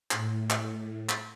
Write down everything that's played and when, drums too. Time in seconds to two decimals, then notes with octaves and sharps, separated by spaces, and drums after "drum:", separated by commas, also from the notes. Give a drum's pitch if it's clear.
0.11 A2, drum: clap
0.50 drum: clap
1.09 drum: clap